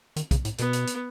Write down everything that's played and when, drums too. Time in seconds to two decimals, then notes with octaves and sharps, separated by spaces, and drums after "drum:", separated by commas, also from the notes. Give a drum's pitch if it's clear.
0.16 D#3, drum: hi-hat
0.31 C#3, drum: kick B1, hi-hat
0.45 A2, drum: hi-hat
0.58 B2 B3, drum: hi-hat
0.73 drum: hi-hat
0.87 drum: hi-hat